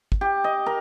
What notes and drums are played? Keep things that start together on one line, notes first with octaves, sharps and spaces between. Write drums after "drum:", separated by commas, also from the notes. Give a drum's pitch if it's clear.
drum: kick
G4
D#5
A#4